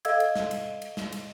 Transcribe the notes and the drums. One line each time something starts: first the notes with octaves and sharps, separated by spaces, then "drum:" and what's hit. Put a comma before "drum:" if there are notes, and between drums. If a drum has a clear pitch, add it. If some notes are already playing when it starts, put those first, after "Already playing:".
A4 D#5 F5 E6 G#6, drum: cymbal
drum: cymbal
drum: snare
drum: cymbal
drum: cymbal
drum: snare
drum: cymbal